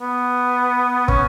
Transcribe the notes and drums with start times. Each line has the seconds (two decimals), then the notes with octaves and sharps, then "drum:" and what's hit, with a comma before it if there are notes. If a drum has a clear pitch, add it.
0.01 B3
1.08 C#4, drum: kick